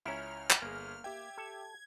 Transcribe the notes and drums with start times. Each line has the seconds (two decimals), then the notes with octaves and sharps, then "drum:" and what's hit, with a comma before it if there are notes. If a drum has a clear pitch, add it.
0.05 C#2 C#4 E4 A#5 F6
0.50 drum: clap
0.62 G1 A#3 G#4
1.04 G4 E5 G5 G#6
1.38 A4